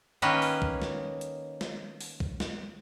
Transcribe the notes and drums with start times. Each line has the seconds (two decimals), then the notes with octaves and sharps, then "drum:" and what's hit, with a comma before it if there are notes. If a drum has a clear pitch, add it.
0.22 D#3 A#3 C#4 B4 C#5 D#5
0.42 drum: open hi-hat
0.62 drum: kick
0.82 drum: snare
1.21 drum: hi-hat
1.61 drum: snare
2.01 drum: open hi-hat
2.20 drum: kick
2.40 drum: snare